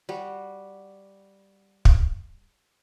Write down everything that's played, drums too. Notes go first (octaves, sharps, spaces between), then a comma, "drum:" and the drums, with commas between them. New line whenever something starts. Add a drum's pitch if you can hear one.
G3 F#4
drum: kick